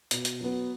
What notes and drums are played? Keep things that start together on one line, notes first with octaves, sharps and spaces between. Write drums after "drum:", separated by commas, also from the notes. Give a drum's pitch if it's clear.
B2, drum: hi-hat
drum: hi-hat
F#3 B3